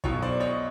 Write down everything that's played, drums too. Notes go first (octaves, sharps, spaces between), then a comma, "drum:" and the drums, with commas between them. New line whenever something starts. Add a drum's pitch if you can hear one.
B1 B2 F#3 C#5, drum: kick
C5 D5
C#5 D#5